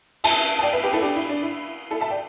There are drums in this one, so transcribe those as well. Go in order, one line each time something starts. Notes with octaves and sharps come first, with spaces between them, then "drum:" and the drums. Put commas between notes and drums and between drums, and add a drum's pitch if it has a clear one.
E5 A5, drum: cymbal
A5
D5 G5
B4 E5
G4 B4
E4 A4
D4 G4
E4
D4
E4
E4 A4
E5 A5
D5 G5